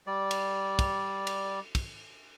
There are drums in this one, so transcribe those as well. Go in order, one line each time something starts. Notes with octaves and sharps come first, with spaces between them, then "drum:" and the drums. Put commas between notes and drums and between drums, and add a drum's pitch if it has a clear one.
G3 D5
drum: cymbal
drum: kick, cymbal
drum: cymbal
drum: kick, cymbal